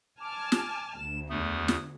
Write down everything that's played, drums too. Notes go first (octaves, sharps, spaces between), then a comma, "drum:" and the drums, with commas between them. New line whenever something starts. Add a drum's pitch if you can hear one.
G#5 A5 D6 F6
drum: snare
D2 E7
E2 A3 D#6
drum: snare